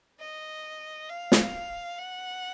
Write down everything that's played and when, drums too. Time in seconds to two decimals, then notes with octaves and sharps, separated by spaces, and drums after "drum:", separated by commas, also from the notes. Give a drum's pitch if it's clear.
0.20 D#5
1.10 F5
1.32 drum: snare
1.99 F#5